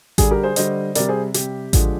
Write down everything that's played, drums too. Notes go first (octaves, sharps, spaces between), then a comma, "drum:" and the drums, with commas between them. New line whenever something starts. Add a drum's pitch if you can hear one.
D3 G3 G#4, drum: kick A1, hi-hat
G4 A#4
G#4 C5
D3 G3 C5 D#5, drum: hi-hat
C3 G3 A#4 D5, drum: hi-hat
G#4 C5
C3 G3 G4, drum: hi-hat
D3 F3 G#3, drum: kick A1, hi-hat